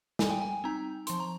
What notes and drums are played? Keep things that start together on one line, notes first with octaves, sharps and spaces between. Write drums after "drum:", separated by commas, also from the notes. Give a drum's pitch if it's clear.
G3 G#5, drum: snare
G5
G#5
C4 D#4 A#5
F3 C6, drum: hi-hat
A#5